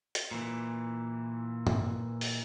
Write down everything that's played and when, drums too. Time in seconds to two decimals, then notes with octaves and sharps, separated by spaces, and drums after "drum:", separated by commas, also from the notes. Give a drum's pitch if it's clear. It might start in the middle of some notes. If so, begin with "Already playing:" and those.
0.15 drum: hi-hat
0.31 A#2 E3
1.67 drum: tom
2.21 drum: open hi-hat